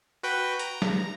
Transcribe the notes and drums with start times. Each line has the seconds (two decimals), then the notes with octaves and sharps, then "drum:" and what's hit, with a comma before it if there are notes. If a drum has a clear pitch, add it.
0.23 F#4 B4 G5
0.59 A#5, drum: hi-hat
0.82 drum: snare